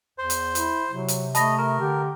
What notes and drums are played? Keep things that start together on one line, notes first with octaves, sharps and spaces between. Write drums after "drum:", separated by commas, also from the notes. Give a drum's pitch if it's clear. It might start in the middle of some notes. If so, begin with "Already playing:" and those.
E2 C5
drum: hi-hat
E4, drum: hi-hat
C3 F#3
drum: hi-hat
A3 D#5 A5 B5 A#6, drum: hi-hat
A#4 A#5
D3 G4